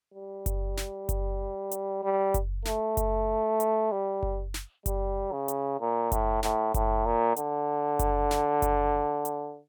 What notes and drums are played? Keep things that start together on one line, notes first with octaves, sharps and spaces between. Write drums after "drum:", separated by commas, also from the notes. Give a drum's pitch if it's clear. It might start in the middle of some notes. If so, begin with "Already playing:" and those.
G3
drum: kick F#1, hi-hat
drum: snare
drum: kick F#1, hi-hat
drum: hi-hat
G3
drum: kick F#1, hi-hat
A3, drum: snare
drum: kick F#1, hi-hat
drum: hi-hat
G3
drum: kick F#1
drum: snare
G3, drum: kick F#1, hi-hat
C#3
drum: hi-hat
A#2
A2, drum: kick F#1, hi-hat
A2, drum: snare
A2, drum: kick F#1, hi-hat
A#2
D3, drum: hi-hat
drum: kick F#1, hi-hat
drum: snare
drum: kick F#1, hi-hat
drum: hi-hat